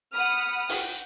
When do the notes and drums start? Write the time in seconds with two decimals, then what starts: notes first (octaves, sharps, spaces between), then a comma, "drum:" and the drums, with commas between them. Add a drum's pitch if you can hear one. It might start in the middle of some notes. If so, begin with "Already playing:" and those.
0.13 F#5 B5 D#6 F6
0.69 F#5 G5, drum: open hi-hat